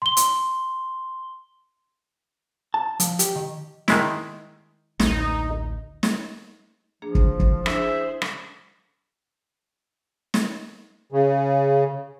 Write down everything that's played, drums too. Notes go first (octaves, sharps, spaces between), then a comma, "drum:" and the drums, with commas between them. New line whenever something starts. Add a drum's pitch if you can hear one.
C6 G7
drum: hi-hat
A5
F3, drum: hi-hat
G4, drum: hi-hat
D#3
D#3 G#3 E4, drum: snare
A1 D2 D#4, drum: snare
drum: snare
F3 A#3 D4 G#4
drum: kick
drum: kick
D4 E4 G#4 C5 E5, drum: rim click
drum: rim click
drum: snare
C#3